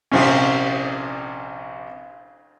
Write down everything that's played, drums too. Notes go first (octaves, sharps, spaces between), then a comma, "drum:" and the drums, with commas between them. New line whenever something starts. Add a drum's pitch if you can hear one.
A#1 C3 C#4, drum: cymbal